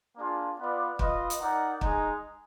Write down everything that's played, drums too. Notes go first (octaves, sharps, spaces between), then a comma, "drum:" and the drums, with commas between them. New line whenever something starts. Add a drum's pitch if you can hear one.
A#3 D4 F4 G#4
B3 F4 B4 D5
F4 B4 D#5, drum: kick
drum: hi-hat
D#4 A#4 D5 F#5
G#3 D#4 G#4, drum: kick